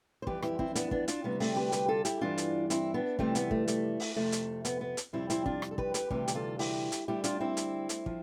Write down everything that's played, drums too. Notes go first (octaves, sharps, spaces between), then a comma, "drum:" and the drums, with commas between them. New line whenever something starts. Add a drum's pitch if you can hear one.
C5
F2 E3 G3 G4 B4, drum: kick
E4 G4, drum: rim click
C4 E4, drum: kick
B3 D4, drum: hi-hat
B3 D4, drum: kick
D4 F4, drum: hi-hat
D2 C3 G3 B3
A3 C4, drum: open hi-hat
G4 B4
G4 B4, drum: hi-hat
F4 A4
E4 G4, drum: hi-hat
G2 E3 G3 D4 F4
drum: hi-hat
C4 E4, drum: hi-hat
B3 D4
F2 C3 E3 G3 A3 C4, drum: kick
B3, drum: hi-hat
A3, drum: kick
A3, drum: hi-hat
drum: open hi-hat
F2 C3 F3 A3
drum: hi-hat
B3, drum: hi-hat
B3
drum: hi-hat
F2 C3 G3 C4 E4
C4 E4, drum: hi-hat
D4 F4, drum: kick
drum: rim click
A4
G4 B4, drum: kick
G4 B4, drum: hi-hat
D2 C3 E3 G3 G4 B4, drum: kick
G4, drum: hi-hat
F4 A4
E4 G4, drum: open hi-hat
drum: hi-hat
D2 D3 G3 E4 G4
D4 F4, drum: hi-hat
C4 E4
drum: hi-hat
drum: hi-hat
F3, drum: kick